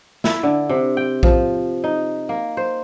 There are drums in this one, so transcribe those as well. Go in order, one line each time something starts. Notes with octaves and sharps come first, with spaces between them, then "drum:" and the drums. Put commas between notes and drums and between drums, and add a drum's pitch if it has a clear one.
E4, drum: snare
D3
C3
G5
F3, drum: kick A#1
D#4
A#3
C5